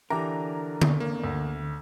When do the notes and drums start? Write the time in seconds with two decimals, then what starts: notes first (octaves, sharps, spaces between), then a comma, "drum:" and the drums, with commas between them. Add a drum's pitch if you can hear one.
0.10 D3 E3 D4 G4 A#4 A#5
0.82 drum: tom D3
1.00 A#3
1.24 D2